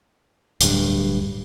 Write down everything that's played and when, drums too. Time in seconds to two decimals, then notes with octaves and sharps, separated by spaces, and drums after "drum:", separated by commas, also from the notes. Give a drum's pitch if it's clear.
0.61 D1 G2, drum: hi-hat